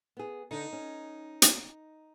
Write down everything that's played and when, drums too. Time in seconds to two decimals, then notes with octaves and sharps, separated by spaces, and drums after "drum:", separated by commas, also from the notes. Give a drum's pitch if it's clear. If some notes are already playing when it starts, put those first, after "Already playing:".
0.17 B3 G#4
0.51 D3 D4 D#4
0.73 C#4
1.42 drum: hi-hat